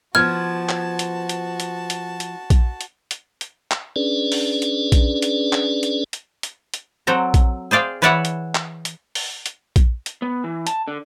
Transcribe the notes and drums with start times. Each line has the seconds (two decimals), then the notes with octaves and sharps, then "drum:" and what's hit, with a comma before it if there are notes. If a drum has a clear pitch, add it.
0.15 F3 B3 F#4 A5 F6 G#6
0.69 drum: clap
0.99 drum: hi-hat
1.29 drum: hi-hat
1.60 drum: hi-hat
1.90 drum: hi-hat
2.20 drum: hi-hat
2.50 drum: kick A#1, hi-hat
2.81 drum: hi-hat
3.11 drum: hi-hat
3.41 drum: hi-hat
3.71 drum: clap
3.96 C#4 D4 G#4 B4 D5
4.32 drum: open hi-hat
4.62 drum: hi-hat
4.92 drum: kick A#1, hi-hat
5.22 drum: hi-hat
5.53 drum: clap
5.83 drum: hi-hat
6.13 drum: hi-hat
6.43 drum: hi-hat
6.74 drum: hi-hat
7.07 F#3 C4 A4 A#5
7.34 drum: kick A#1, hi-hat
7.71 G#4 C5 D5 F5 G5
8.02 E3 B4 C#5 D5 E5 F#5
8.25 drum: hi-hat
8.55 drum: clap
8.85 drum: hi-hat
9.15 drum: open hi-hat
9.46 drum: hi-hat
9.76 drum: kick A#1, hi-hat
10.06 drum: hi-hat
10.22 B3
10.44 E3
10.67 A5, drum: hi-hat
10.88 D3